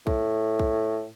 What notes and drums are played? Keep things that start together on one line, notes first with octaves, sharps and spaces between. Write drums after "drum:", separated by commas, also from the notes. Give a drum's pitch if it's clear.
A2, drum: kick B1
drum: kick B1